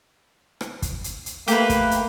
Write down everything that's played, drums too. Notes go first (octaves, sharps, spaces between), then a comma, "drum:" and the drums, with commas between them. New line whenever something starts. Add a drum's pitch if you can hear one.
drum: rim click
drum: kick, hi-hat
drum: hi-hat
drum: hi-hat
A3 A#3 G4 B4, drum: hi-hat
drum: kick, hi-hat
drum: hi-hat